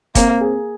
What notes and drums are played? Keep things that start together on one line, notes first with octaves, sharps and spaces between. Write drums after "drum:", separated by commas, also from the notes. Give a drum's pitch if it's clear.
A#3 C4, drum: kick, hi-hat
G#4